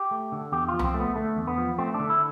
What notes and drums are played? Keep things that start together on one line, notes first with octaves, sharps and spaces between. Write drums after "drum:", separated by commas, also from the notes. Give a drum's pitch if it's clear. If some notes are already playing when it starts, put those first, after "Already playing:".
Already playing: G4
A3
D3
E2 G4
F4
F3
B3, drum: tom C2
C4
A3
B3
D3 A3
E2
B3
F3
A3 C4
D3 D4
E4